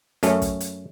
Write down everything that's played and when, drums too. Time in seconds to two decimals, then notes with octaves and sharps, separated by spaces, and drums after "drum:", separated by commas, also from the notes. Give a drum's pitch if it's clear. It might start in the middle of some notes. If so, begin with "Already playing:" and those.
0.23 F#2 A3 C#4, drum: hi-hat
0.42 drum: kick, hi-hat
0.60 drum: hi-hat